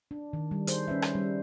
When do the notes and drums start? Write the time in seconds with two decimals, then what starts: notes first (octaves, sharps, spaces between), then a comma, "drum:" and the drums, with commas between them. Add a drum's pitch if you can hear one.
0.11 D4
0.33 D#3
0.51 G3
0.67 D#4 G#4 C5, drum: hi-hat
0.88 C#4 B4 E5
1.02 drum: rim click
1.15 G3